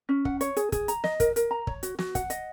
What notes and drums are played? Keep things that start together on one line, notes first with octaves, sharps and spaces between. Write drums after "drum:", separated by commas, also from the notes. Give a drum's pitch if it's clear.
C#4
F#5, drum: kick
C#5, drum: hi-hat
G#4, drum: hi-hat
G#4, drum: kick, hi-hat
A#5, drum: hi-hat
D#5, drum: snare
A#4, drum: kick, hi-hat
A#4, drum: hi-hat
A#5
C#5, drum: kick
F#4, drum: hi-hat
F#4, drum: snare
F#5, drum: kick, hi-hat
D#5, drum: hi-hat